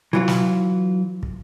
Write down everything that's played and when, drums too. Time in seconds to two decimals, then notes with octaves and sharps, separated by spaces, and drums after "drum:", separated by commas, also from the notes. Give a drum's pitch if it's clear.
0.13 E3 F#3 F4
0.28 drum: snare
1.23 drum: kick